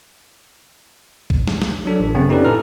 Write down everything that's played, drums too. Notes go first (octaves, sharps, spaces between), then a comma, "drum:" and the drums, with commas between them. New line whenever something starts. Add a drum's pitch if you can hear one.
drum: kick A#1
drum: snare
drum: snare
F#3 D4 A4
A1
F#2 C#3 B3 C4
C#4 D#4 G4 A4 B4 D5
A#2 E4 A4 A#5 F6